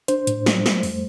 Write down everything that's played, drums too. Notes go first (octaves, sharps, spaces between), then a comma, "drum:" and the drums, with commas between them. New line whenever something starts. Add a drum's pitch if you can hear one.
D4 C5, drum: hi-hat
A2, drum: hi-hat
G3, drum: snare
A3, drum: snare
F2, drum: open hi-hat